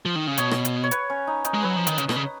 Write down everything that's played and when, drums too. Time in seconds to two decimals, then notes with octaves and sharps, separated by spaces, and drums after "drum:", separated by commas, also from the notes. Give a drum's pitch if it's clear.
0.05 F3
0.16 D#3
0.27 C#3
0.38 B2 C#5, drum: hi-hat
0.51 drum: rim click
0.65 drum: hi-hat
0.84 C#5
0.91 B4, drum: hi-hat
1.10 C#4
1.27 D#4
1.45 D#4, drum: hi-hat
1.54 G#3
1.62 F#3 B4
1.76 F3
1.87 D#3, drum: hi-hat
1.98 C#3, drum: hi-hat
2.09 B2, drum: rim click
2.16 C#3